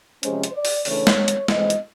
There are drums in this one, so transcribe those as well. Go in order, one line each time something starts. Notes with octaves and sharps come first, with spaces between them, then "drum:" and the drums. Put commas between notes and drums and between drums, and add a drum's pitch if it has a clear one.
C3 F3 G#3 C#4 C5, drum: hi-hat
drum: hi-hat
D5
drum: open hi-hat
C#3 E3 A3 D4 C#5, drum: open hi-hat
drum: snare G#3
drum: hi-hat
G#2 E3 A3 C4 D#5, drum: snare G#3
drum: hi-hat